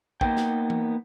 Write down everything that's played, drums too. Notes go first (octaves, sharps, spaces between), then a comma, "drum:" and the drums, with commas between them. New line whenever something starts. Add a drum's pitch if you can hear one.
A#3 B3 D#4 B4 G5, drum: kick
drum: snare
drum: tom E3